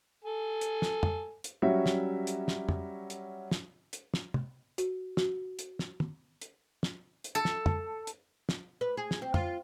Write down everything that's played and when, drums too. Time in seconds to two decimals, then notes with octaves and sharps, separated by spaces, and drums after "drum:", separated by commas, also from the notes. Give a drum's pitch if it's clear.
0.24 A4 G#5
0.61 drum: hi-hat
0.82 drum: snare
1.03 drum: tom
1.44 drum: hi-hat
1.62 F#3 G3 C#4 F#4 E5
1.86 drum: snare
2.27 drum: hi-hat
2.48 drum: snare
2.69 drum: tom
3.10 drum: hi-hat
3.51 drum: snare
3.93 drum: hi-hat
4.14 drum: snare
4.34 drum: tom
4.78 F#4, drum: hi-hat
5.17 F#4, drum: snare
5.59 drum: hi-hat
5.79 drum: snare
6.00 drum: tom
6.42 drum: hi-hat
6.83 drum: snare
7.24 drum: hi-hat
7.35 A4
7.45 drum: snare
7.66 drum: tom
8.07 drum: hi-hat
8.49 drum: snare
8.81 B4
8.97 G#4
9.11 drum: snare
9.22 C4
9.34 F4, drum: tom